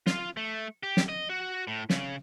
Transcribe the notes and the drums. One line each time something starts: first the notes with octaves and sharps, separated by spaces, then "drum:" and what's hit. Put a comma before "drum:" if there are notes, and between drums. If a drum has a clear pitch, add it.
F4, drum: snare
A3
G4
drum: snare
D#5
F#4
A2
C#3, drum: snare